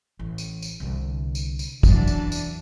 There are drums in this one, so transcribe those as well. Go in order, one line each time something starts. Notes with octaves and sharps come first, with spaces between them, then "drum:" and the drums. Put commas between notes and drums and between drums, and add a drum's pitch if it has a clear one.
A1
drum: tambourine
drum: tambourine
C2 D3
drum: tambourine
drum: tambourine
E1 F#2 E3 F#3 D4, drum: kick, tambourine
drum: tambourine
drum: tambourine